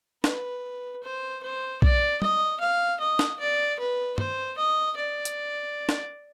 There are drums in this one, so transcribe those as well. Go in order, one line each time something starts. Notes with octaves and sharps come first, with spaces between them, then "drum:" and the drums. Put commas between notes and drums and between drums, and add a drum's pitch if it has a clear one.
B4, drum: snare
C5
C5
D5, drum: kick B1
D#5, drum: tom
F5
D#5
drum: snare
D5
B4
C5, drum: tom G2
D#5
D5
drum: hi-hat
drum: snare